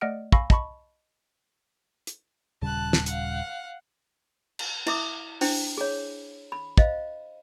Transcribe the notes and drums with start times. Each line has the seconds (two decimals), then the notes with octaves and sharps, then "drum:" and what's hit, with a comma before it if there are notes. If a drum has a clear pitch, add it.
0.01 A3 D5 D#5 F#5 F6 D7
0.32 F5 G#5 B5 C#6 E6 A#6, drum: kick
0.50 D#5 A5 B5 C#6, drum: kick
2.07 drum: hi-hat
2.62 D#1 C#3 G3 A5 F#6
2.93 drum: snare
3.06 F5 F#5, drum: hi-hat
4.59 drum: cymbal
4.87 E4 E5 D6 D#6, drum: cymbal
5.41 D4 E4 C5 G5, drum: open hi-hat
5.77 G#4 C#5
6.52 B5
6.77 C5 D#5 F5, drum: kick